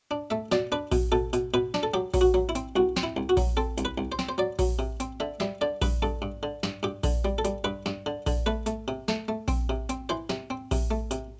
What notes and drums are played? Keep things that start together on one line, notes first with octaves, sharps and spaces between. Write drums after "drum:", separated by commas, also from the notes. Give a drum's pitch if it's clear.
D4
A3 E5
B2 D5, drum: snare
D4 B4
B2, drum: kick A#1, open hi-hat
B2 A4
B2, drum: hi-hat
B2 B4
D4, drum: snare
A4
F#3 G4
F#3, drum: kick A#1, open hi-hat
F#4
F#3
E4
C4, drum: hi-hat
C2 F#4
C4, drum: snare
E4
C2
F#4
F#3, drum: kick A#1, open hi-hat
C4 A4
C2, drum: hi-hat
B4
C2
C5
C4, drum: snare
C5
F#3 D5
F#3, drum: kick A#1, open hi-hat
C3
C4, drum: hi-hat
D3 E5
G3 E5, drum: snare
D3 D5
G2 B4, drum: kick A#1, open hi-hat
G2 A4
G2
D3
G2, drum: snare
G2 G4
D3, drum: kick A#1, open hi-hat
G3
A4
G3, drum: hi-hat
G2 B4
G2, drum: snare
D3
D3, drum: kick A#1, open hi-hat
A3 B4
A3, drum: hi-hat
C3
A3, drum: snare
A3
C4, drum: kick A#1, open hi-hat
C3
C4, drum: hi-hat
E3 C5
C3, drum: snare
C4
C3, drum: kick A#1, open hi-hat
A3
C3, drum: hi-hat